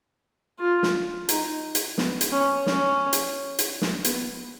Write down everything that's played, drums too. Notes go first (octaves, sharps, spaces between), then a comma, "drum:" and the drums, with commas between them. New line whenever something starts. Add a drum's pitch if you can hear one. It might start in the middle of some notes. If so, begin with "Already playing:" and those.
F4
drum: snare
D#4, drum: hi-hat
drum: hi-hat
B3, drum: snare
drum: hi-hat
C#4
C#4, drum: snare
drum: hi-hat
drum: hi-hat
drum: snare
B3, drum: hi-hat